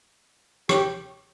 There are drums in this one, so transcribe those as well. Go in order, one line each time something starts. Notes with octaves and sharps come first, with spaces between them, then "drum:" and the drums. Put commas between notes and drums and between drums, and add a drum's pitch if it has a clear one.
G4, drum: rim click